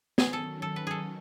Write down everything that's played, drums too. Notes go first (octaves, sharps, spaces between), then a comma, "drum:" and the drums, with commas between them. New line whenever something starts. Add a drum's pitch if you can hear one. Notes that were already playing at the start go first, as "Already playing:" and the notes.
D#3 F#3 C#4 G#4, drum: snare
A4
A4
B4
G#4 A4